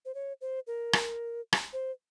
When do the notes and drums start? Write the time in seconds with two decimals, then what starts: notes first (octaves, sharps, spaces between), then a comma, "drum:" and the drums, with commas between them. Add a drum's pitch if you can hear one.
0.05 C5
0.15 C#5
0.41 C5
0.67 A#4
0.93 drum: rim click
1.53 drum: rim click
1.73 C5